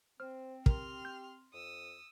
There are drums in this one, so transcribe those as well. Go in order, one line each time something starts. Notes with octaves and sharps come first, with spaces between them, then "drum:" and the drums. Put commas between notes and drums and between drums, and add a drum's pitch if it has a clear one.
C4 C5 F6
G4 A#4 C6 F6, drum: kick
G6
F2 D#6 E6